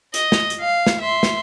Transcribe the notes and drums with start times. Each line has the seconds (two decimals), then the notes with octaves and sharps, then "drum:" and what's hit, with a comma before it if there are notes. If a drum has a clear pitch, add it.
0.14 D#5, drum: hi-hat
0.32 drum: snare
0.50 drum: hi-hat
0.60 F5
0.87 drum: snare
1.01 E5 C6
1.23 drum: snare